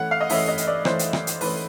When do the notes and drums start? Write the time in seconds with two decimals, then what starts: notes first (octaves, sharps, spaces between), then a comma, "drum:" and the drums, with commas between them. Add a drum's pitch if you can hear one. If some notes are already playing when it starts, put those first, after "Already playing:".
Already playing: E3 A3 C#4 F#5
0.11 F5
0.21 D#5
0.30 E3 A3 C#4 E5, drum: open hi-hat
0.48 D#5
0.58 drum: hi-hat
0.67 D5
0.85 E3 A3 C#4 C5, drum: rim click
0.99 drum: hi-hat
1.13 drum: rim click
1.27 drum: hi-hat
1.41 E3 A3 C#4 B4, drum: open hi-hat